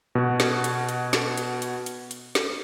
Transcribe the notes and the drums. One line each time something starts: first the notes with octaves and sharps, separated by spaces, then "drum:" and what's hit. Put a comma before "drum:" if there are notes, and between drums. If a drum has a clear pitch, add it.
B2 F#4
drum: snare
drum: hi-hat
drum: hi-hat
drum: snare
drum: hi-hat
drum: hi-hat
drum: hi-hat
drum: hi-hat
drum: snare